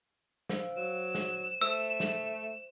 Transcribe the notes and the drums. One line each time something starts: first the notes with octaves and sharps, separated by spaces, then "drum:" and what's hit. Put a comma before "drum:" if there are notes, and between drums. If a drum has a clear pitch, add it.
C5 F5 E6, drum: snare
F#3 C5 E7
drum: snare
A3 C5 E6
drum: snare